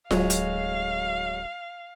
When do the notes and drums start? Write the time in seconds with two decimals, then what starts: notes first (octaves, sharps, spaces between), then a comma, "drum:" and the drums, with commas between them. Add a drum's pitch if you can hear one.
0.11 D1 F#3 G#3 F5, drum: snare F4
0.30 drum: hi-hat